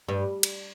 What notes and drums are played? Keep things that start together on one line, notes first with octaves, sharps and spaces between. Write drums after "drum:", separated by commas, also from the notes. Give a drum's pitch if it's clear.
G2
drum: cymbal